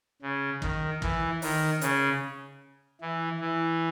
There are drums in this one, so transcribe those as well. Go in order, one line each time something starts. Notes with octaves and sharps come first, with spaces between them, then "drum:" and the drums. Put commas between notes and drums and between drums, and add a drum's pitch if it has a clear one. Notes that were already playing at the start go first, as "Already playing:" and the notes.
C#3
D#3, drum: kick
E3, drum: kick
D#3, drum: open hi-hat
C#3, drum: hi-hat
E3
E3